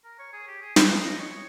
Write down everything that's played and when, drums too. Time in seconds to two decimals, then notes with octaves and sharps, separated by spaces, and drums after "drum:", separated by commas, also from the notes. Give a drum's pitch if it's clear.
0.04 A#4
0.19 C#5
0.33 G#4
0.47 G4
0.62 G#4
0.76 C5, drum: snare
0.91 C5
1.05 D#5
1.19 C#5